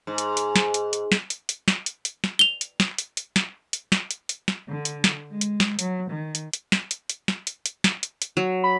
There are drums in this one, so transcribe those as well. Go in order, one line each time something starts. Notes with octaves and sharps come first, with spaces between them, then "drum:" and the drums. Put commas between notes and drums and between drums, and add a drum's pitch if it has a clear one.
G#2
drum: hi-hat
drum: hi-hat
drum: snare
drum: hi-hat
drum: hi-hat
drum: snare
drum: hi-hat
drum: hi-hat
drum: snare
drum: hi-hat
drum: hi-hat
drum: snare
F7 G7
drum: hi-hat
drum: snare
drum: hi-hat
drum: hi-hat
drum: snare
drum: hi-hat
drum: snare
drum: hi-hat
drum: hi-hat
drum: snare
D3
drum: hi-hat
drum: snare
G#3
drum: hi-hat
drum: snare
F#3, drum: hi-hat
D#3
drum: hi-hat
drum: hi-hat
drum: snare
drum: hi-hat
drum: hi-hat
drum: snare
drum: hi-hat
drum: hi-hat
drum: snare
drum: hi-hat
drum: hi-hat
F#3
B5